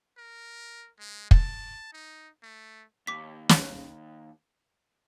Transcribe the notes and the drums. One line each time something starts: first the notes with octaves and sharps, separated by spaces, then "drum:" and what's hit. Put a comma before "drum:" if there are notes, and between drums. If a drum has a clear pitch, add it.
A#4
G#3
A5, drum: kick
D#4
A3
D#2 D6 B6
drum: snare